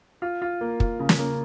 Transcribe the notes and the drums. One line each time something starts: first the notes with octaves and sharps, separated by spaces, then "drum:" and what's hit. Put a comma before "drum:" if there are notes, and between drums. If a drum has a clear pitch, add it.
F4
F4
A#3
F4, drum: kick
C#3
drum: snare
A#3